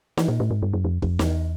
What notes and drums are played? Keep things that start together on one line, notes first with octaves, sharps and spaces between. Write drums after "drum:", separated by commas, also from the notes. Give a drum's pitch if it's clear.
E3, drum: snare
A#2
A2
G#2
G2
F#2
F2
F2, drum: kick
E2, drum: snare